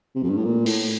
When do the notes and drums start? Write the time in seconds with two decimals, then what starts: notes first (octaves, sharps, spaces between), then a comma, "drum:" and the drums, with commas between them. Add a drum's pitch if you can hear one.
0.15 C3
0.23 F2
0.30 G2
0.37 A2
0.45 A#2
0.66 A2, drum: open hi-hat